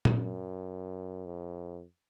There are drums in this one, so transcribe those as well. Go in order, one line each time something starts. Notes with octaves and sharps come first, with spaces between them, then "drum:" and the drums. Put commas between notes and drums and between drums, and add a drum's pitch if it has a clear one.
drum: tom A#2
F#2
F2